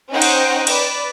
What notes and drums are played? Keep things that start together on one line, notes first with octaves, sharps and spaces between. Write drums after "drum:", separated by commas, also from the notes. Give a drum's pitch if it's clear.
C#4 D#4 C5 F#5 G5
drum: cymbal
B4 D5, drum: cymbal